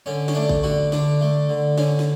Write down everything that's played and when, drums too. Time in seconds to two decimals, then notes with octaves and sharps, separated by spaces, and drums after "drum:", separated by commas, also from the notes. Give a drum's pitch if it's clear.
0.06 D3 C#4
0.28 C#4, drum: snare
0.35 A3 D4
0.49 drum: kick A1
0.63 D3 F#4
0.92 D3 D4, drum: snare
1.21 A3
1.49 D3
1.78 D3 C#4, drum: snare
1.99 drum: snare